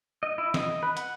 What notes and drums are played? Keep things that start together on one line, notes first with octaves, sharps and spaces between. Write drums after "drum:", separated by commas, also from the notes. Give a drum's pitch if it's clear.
D#5
E4
D#5, drum: snare
B4
F#5, drum: hi-hat